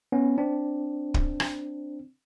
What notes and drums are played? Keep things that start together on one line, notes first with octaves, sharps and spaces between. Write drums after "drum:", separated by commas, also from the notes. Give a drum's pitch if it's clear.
B3 C#4
C4 D4
drum: kick
drum: rim click